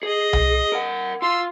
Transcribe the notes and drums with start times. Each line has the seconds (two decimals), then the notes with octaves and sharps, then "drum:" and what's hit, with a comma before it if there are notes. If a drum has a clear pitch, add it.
0.03 G#4 D#5
0.33 drum: tom C2
0.72 A#4 F#5
1.22 F4 C6 E6